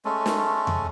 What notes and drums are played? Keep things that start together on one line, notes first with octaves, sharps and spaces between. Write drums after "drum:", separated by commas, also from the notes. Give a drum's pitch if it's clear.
G#3 A3 C#4 A4
drum: snare
drum: tom E2